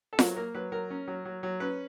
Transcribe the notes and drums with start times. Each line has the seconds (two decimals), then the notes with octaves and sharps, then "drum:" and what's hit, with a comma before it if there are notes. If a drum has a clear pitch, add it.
0.13 A4
0.19 F#3 A#4, drum: snare F4
0.36 A#3 A#4
0.55 F#3 B4
0.72 F#3 A#4
0.90 C#4
1.08 F#3
1.25 F#3
1.43 F#3
1.60 C#4 B4